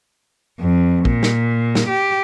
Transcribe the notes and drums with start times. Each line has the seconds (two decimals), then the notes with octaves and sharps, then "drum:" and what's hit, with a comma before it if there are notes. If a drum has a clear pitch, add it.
0.60 F2
1.05 A#2, drum: kick
1.23 drum: snare
1.75 drum: snare
1.88 G4